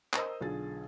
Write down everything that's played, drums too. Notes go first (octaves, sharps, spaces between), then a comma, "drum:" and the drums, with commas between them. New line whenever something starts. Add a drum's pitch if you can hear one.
A#4 C5 D#5 A#5 D#6 E6, drum: clap
B1 D3 F4 G#4 A6